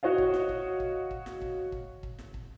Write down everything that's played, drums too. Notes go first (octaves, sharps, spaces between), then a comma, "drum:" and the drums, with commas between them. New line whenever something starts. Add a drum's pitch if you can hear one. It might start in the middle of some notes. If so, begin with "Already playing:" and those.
F#4 C#5 D#5 F5
drum: kick
drum: snare
drum: kick
drum: kick
drum: kick
drum: snare
drum: kick
drum: kick
drum: kick
drum: snare
drum: kick